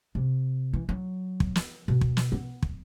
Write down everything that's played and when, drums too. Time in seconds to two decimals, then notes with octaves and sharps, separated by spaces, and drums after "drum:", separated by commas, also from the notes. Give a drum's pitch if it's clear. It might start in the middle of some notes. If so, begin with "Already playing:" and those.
0.15 C3
0.73 E3
0.89 F#3
1.40 drum: kick
1.56 drum: snare
1.88 B2
2.01 drum: kick
2.17 drum: snare
2.32 B3
2.63 drum: kick